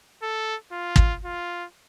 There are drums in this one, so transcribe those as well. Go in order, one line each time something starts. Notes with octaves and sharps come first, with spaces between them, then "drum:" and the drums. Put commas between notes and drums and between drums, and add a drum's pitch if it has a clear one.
A4
F4
drum: kick
F4